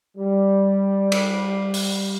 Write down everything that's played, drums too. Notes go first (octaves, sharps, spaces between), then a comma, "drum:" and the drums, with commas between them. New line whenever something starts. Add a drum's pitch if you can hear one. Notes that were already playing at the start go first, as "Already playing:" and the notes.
G3
drum: cymbal
drum: open hi-hat